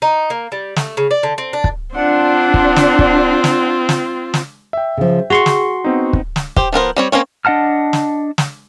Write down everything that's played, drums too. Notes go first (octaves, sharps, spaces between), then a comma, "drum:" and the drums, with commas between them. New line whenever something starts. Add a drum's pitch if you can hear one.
D#4
A#3
G3
A3, drum: snare
C#3
D5
D3
C4
D4
drum: kick
C4 D4 F4 F#5
drum: kick
drum: snare
drum: kick
drum: snare
drum: snare
drum: snare
E5 G5
C#3 F3
F#4 G#4 C6 C#6
drum: snare
B3 C4 D#4
drum: kick
drum: snare
G4 C5, drum: kick
F3 B3 A#4 C5
G3 C4 C#5
A#3 C4 C#4 C#5
D4 D#5 F#5 A5 F6
drum: snare
drum: snare